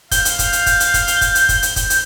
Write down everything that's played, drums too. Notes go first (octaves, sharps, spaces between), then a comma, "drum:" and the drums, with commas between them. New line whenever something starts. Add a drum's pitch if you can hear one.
F5 G6, drum: kick, hi-hat
drum: hi-hat
drum: kick, hi-hat
drum: hi-hat
drum: kick, hi-hat
drum: hi-hat
drum: kick, hi-hat
drum: hi-hat
drum: kick, hi-hat
drum: hi-hat
drum: kick, hi-hat
drum: hi-hat
drum: kick, hi-hat
drum: hi-hat